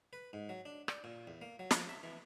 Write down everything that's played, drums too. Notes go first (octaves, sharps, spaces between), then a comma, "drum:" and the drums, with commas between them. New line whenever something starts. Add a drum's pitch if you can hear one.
B4
G#2
F#3
D4
D5, drum: rim click
A#2
E2
A#3
F#3
F3, drum: snare
E5
E3